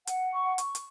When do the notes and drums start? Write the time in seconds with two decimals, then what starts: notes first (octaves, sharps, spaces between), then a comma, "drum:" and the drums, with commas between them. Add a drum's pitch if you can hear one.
0.07 F#5, drum: hi-hat
0.33 C#6
0.58 C#6, drum: hi-hat
0.75 drum: hi-hat